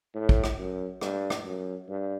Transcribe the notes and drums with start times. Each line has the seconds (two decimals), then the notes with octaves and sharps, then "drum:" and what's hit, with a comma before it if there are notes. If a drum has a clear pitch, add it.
0.15 A2
0.29 drum: kick
0.44 drum: rim click
0.58 F#2
1.01 G2, drum: rim click
1.30 drum: rim click
1.45 F#2
1.89 G2